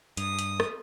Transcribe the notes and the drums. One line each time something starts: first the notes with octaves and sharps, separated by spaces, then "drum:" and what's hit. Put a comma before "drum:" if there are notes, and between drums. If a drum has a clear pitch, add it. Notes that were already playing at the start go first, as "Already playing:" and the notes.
G2 D#6, drum: hi-hat
drum: hi-hat
drum: rim click